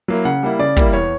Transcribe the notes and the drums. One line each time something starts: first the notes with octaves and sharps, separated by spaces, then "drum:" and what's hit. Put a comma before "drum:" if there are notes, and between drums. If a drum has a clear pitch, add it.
F#3 A#3 E4
C#3 F#5
G3 A#3 E4
C#3 D5
G3 A#3 E4, drum: kick
E2 C#5